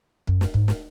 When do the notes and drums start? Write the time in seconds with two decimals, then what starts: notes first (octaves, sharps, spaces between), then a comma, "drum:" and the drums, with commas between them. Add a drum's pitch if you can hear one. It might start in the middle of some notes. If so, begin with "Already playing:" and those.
0.27 F#2, drum: kick
0.41 drum: snare
0.54 G#2, drum: kick
0.68 drum: snare